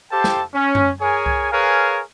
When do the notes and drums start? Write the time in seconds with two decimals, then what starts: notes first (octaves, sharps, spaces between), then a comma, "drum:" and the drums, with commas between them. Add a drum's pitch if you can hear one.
0.12 G4 A4 C5 F5 G5 A5
0.24 drum: snare
0.54 C#4
0.75 drum: tom F#2
1.01 G#4 A#4 C#5 G#5
1.26 drum: kick C2
1.52 G#4 A#4 B4 C#5 F5 G#5